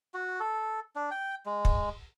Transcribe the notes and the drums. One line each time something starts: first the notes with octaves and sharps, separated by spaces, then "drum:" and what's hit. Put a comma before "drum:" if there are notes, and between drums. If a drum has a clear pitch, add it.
F#4
A4
D4
G5
G#3
drum: kick